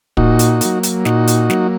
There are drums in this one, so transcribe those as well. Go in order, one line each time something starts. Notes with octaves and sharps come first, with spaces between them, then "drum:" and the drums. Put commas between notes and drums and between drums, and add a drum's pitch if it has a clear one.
A#2 D#4 F#4, drum: kick
drum: hi-hat
F#3 A#3, drum: hi-hat
drum: hi-hat
A#2 D#4 F#4, drum: snare
drum: hi-hat
F#3 A#3, drum: snare